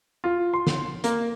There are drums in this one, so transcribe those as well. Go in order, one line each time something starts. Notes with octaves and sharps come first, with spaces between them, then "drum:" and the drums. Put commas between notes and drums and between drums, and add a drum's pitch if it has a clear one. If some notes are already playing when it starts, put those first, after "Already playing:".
F4
C6
drum: snare
A#3, drum: hi-hat